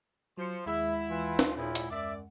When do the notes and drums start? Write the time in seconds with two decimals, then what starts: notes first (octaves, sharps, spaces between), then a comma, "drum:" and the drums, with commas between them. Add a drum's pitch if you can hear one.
0.38 F3 F#3 C5 C#7
0.66 D#2 G#3 E4 E5 F#5
1.10 E3 F4
1.39 drum: snare
1.57 A#2 C#3 F3 E4
1.75 drum: hi-hat
1.91 F#2 D5 E5